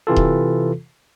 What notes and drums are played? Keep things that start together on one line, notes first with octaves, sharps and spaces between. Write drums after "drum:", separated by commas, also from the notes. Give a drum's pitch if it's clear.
C3 E3 F4 A4
drum: kick D#1